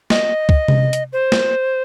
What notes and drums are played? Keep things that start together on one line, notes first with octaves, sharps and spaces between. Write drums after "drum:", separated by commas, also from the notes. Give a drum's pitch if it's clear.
D#5, drum: snare
drum: kick
drum: tom C3
drum: hi-hat
C5
drum: snare